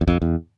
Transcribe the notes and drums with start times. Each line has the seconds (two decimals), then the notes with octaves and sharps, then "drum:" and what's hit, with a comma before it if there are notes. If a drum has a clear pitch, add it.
0.01 E2
0.08 F2, drum: kick
0.22 E2